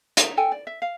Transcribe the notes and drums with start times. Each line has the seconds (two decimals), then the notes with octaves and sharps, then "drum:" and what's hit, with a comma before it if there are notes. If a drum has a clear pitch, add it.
0.17 D#4 E5 A#5, drum: hi-hat
0.37 A4 G5 G#5
0.52 D5
0.67 E5
0.82 F5